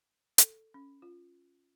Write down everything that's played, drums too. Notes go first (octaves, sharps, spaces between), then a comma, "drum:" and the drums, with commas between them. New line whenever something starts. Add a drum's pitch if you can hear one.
A4, drum: hi-hat
C#4
F4